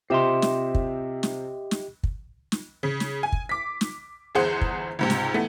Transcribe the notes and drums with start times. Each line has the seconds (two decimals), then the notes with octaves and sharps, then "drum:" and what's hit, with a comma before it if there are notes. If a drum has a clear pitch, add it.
0.10 C3 C4 F4 G4 C5 D#5 E5 C6
0.42 drum: snare
0.75 drum: kick
1.23 drum: snare
1.71 drum: snare
2.03 drum: kick
2.52 drum: snare
2.83 C#3
3.00 drum: snare
3.23 G#5
3.32 drum: kick
3.49 D6 B6
3.81 drum: snare
4.35 G1 E2 G#4 C5 F#5 C6
4.61 drum: kick
4.99 C#2 G#2 C3
5.10 drum: snare
5.33 E3 A3 B3